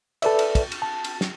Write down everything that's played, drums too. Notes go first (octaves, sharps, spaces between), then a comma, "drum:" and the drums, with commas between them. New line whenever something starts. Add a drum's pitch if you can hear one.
A4 B4 D5 E5, drum: cymbal
drum: cymbal
drum: kick, cymbal
drum: cymbal
A5
drum: cymbal
drum: snare